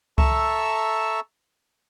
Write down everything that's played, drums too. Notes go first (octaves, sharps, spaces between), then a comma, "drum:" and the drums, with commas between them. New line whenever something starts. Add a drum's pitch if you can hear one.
A4 E5 A5 A#5 C#6 E6, drum: kick C2